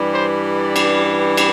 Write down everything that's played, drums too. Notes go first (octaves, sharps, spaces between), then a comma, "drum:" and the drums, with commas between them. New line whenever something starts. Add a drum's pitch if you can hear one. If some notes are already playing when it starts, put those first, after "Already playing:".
Already playing: G2 E3 G3
C5
D5
drum: cymbal
drum: cymbal